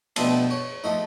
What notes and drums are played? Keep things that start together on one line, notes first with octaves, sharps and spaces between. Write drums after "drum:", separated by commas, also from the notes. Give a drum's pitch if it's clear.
B2 F3 A3 B3 C4 D4, drum: cymbal
C#5
F3 A3 D#4